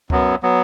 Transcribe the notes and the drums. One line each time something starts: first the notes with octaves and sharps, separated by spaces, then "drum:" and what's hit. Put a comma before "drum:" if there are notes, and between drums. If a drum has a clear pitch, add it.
F#2 F#3 B3, drum: kick C#2
F#3 B3